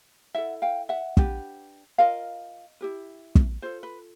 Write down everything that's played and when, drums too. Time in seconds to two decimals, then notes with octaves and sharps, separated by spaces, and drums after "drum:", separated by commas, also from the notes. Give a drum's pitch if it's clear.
0.35 E4 A4 E5 F#5
0.62 F5 G5
0.89 E5 F#5
1.17 D4 G4 B4, drum: kick
1.98 F4 A#4 D#5 F5
2.81 E4 G4 B4
3.35 drum: kick
3.62 F4 A4 C5
3.83 B4